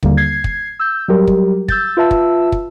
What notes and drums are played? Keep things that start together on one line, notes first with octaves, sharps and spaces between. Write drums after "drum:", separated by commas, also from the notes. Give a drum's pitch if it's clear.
D#2 D3 G3 A#3, drum: kick
G#6 C7
drum: kick
E6 G6
F#3 G3 G4 A#4
drum: kick
E6 G6 A6, drum: kick
F4 B4 E5 A5 E6
drum: kick
drum: kick